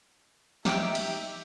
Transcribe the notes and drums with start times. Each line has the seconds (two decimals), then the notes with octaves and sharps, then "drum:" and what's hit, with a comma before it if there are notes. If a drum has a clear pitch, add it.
0.65 D#4 G4 E5 G5, drum: snare
0.95 drum: cymbal